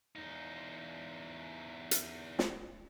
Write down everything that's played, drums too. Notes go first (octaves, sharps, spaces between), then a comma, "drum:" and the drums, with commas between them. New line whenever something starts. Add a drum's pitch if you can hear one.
E2 D#4
drum: hi-hat
drum: snare